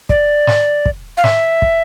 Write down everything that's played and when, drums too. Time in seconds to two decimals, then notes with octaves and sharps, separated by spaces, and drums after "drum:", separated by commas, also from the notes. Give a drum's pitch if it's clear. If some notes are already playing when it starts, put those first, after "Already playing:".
0.09 D5, drum: kick
0.47 drum: snare
0.86 drum: kick
1.17 F5
1.24 E5, drum: snare
1.62 drum: kick